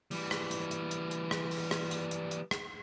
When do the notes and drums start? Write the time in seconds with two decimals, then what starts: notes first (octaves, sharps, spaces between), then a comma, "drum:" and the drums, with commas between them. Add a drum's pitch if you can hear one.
0.11 E3 G3, drum: open hi-hat
0.31 drum: rim click
0.51 drum: hi-hat
0.71 drum: hi-hat
0.91 drum: hi-hat
1.11 drum: hi-hat
1.31 drum: rim click
1.51 drum: open hi-hat
1.71 drum: rim click
1.91 drum: hi-hat
2.11 drum: hi-hat
2.31 drum: hi-hat
2.51 drum: rim click